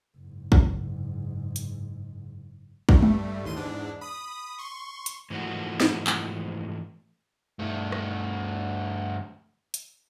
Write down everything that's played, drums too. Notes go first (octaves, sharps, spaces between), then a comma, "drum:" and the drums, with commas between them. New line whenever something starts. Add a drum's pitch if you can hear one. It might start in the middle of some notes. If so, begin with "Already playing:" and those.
F#1 G#2
drum: kick
drum: hi-hat
G2 G3 A3, drum: kick
drum: tom G#3
A1 D#2 A2 C6 D#7
E2 G#2 D4
B5 D#6
C6 C#6
drum: hi-hat
G#2 E3 F3 A3 A#3 F#4
drum: snare
drum: clap
G2 A3
drum: rim click
drum: hi-hat